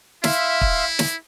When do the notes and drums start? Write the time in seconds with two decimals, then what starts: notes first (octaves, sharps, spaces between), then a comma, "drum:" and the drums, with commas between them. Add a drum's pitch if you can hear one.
0.24 E4 E5 F5 C6, drum: snare
0.61 drum: kick
0.99 drum: snare